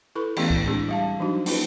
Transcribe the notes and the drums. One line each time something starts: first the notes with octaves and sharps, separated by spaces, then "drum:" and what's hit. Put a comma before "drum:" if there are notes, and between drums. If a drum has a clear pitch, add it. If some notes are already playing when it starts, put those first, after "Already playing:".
E4 A4 B4 B5 C#6
E3 A3 B3 C#4 E4 G4, drum: cymbal
drum: kick
G#3 C4 D4 E4 G4 G#4
G3 F5 A5
F3 F#3 D4 D#4 F#4
A#3 C#4 D#4 F4 B4, drum: open hi-hat